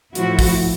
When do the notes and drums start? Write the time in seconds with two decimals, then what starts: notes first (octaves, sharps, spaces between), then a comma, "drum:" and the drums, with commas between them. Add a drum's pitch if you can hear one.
0.15 A2 F3 E4 F#4, drum: hi-hat
0.39 drum: kick, open hi-hat